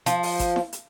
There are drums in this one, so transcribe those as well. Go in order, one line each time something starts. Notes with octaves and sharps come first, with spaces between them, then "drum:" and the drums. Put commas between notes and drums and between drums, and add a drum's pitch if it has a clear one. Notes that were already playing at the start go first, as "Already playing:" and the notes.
F3, drum: hi-hat
drum: open hi-hat
drum: kick, hi-hat
drum: snare E4
drum: hi-hat